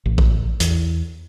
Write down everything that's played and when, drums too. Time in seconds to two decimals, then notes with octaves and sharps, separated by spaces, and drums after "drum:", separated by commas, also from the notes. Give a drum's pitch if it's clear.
0.06 A1
0.18 drum: kick A#1
0.60 E2, drum: hi-hat